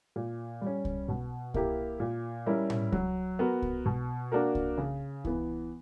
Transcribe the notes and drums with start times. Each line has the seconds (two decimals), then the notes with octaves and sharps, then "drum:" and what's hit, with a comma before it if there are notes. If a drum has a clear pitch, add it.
0.16 A#2
0.61 G3
0.66 C#4
0.85 drum: kick C2
1.08 B2
1.54 A#3 E4 G4 A#4, drum: kick C2
2.00 A#2
2.46 G3 C#4 E4 A#4
2.70 drum: tom A2
2.92 F#3, drum: kick C2
3.39 B3 F#4 A#4
3.62 drum: kick C2
3.86 B2
4.32 A#3 D4 F#4 A#4
4.55 drum: kick C2
4.78 C#3
5.25 E3 B3, drum: kick C2